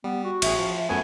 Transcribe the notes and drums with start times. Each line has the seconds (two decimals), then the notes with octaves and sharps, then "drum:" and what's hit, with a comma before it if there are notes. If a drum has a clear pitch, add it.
0.04 G3 B3
0.24 F#4
0.42 A1 G#4 E5, drum: cymbal
0.59 F3
0.89 F#2 A3 B3 G#5